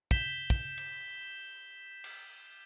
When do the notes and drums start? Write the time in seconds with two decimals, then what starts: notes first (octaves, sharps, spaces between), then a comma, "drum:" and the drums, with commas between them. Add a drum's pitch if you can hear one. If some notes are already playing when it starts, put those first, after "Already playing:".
0.11 G6 B6 E7 G7, drum: kick
0.50 drum: kick
0.77 drum: cymbal
2.04 drum: cymbal